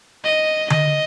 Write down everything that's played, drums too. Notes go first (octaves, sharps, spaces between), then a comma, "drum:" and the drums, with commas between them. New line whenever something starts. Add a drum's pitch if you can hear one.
D#5
D#5, drum: tom D3